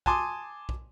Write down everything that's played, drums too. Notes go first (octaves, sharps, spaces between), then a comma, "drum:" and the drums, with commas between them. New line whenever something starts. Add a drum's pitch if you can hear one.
G#5 A5 C6 D6 D#6, drum: kick B1
drum: kick B1